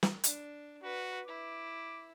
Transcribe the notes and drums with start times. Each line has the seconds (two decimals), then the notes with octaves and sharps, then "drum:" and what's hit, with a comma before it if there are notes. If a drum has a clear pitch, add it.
0.03 drum: snare
0.24 D4, drum: hi-hat
0.83 F#4 B4
1.27 E4 D6